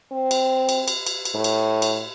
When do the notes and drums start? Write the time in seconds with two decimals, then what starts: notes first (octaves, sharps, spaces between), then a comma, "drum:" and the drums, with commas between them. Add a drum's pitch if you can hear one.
0.12 C4
0.31 drum: cymbal
0.69 drum: cymbal
0.88 drum: cymbal
1.07 drum: cymbal
1.25 drum: cymbal
1.35 A2
1.44 drum: cymbal
1.82 drum: cymbal